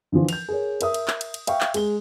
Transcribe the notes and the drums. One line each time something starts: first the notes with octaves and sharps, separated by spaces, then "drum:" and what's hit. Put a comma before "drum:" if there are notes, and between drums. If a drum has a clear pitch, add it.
D3 E3 F3 F4
G6 F7, drum: cymbal
G#4 A#4 C#5
A#4 E5 D#6, drum: cymbal
drum: cymbal
drum: clap
drum: cymbal
drum: cymbal
E5 F5 G5 C#6, drum: cymbal
drum: clap
G#3 G7, drum: cymbal